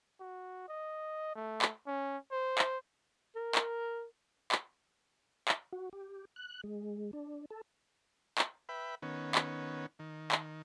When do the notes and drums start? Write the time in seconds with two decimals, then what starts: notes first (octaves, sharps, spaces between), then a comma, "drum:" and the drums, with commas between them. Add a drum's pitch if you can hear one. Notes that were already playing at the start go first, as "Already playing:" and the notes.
0.20 F#4
0.68 D#5
1.36 A3
1.62 drum: clap
1.87 C#4
2.32 C5
2.58 drum: clap
3.36 A#4
3.55 drum: clap
4.52 drum: clap
5.48 drum: clap
5.73 F#4
5.93 G4
6.36 F#6
6.64 G#3
7.13 D4
7.50 A4
8.38 drum: clap
8.69 B4 E5 G5 B5
9.02 D#3 B3 C#4
9.35 drum: clap
9.99 D#3
10.32 drum: clap